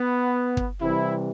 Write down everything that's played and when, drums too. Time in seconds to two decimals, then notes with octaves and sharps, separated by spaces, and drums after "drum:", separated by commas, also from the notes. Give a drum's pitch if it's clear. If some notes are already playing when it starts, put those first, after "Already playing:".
Already playing: B3
0.57 drum: kick
0.81 C3 E3 G3 C4 E4